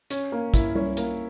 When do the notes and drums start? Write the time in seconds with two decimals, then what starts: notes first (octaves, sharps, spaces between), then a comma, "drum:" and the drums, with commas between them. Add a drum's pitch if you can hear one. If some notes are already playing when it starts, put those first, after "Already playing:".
0.10 C#4, drum: hi-hat
0.32 A#3
0.54 E4, drum: kick, hi-hat
0.75 C#4, drum: tom G3
0.97 A#3, drum: hi-hat